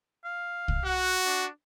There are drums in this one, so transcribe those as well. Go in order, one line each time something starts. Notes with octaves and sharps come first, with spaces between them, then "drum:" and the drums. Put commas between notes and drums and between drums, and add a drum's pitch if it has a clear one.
F5
drum: kick C2
F#4 F#5
D4